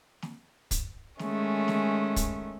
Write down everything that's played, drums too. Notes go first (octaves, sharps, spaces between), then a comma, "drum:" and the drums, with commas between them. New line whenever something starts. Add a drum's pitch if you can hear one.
drum: snare
drum: kick, hi-hat
D#3 G#3 A3 C#4, drum: snare
drum: snare
drum: kick, hi-hat